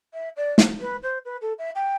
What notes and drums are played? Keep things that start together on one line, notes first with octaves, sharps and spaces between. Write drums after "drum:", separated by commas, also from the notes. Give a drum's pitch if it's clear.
E5
D5
drum: snare
B4
C5
B4
A4
E5
G5